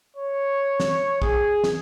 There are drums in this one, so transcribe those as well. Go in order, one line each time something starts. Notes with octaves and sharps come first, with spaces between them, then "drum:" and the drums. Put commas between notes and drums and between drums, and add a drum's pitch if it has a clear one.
C#5
drum: snare
G#4, drum: kick
drum: snare